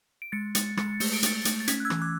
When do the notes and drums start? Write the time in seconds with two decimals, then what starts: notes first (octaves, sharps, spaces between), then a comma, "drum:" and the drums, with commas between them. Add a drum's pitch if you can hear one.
0.22 D7
0.32 G#3 A6 C#7
0.55 G#3 A6 C#7, drum: hi-hat
0.77 G#3 A6 C#7, drum: rim click
1.00 A3 C#7, drum: open hi-hat
1.13 D7
1.23 A3 A6 C#7, drum: hi-hat
1.45 A3, drum: hi-hat
1.60 A6
1.68 C#4 G#6 B6, drum: hi-hat
1.80 F#6
1.85 E6 G#6
1.90 E3, drum: rim click
2.02 D6 F#6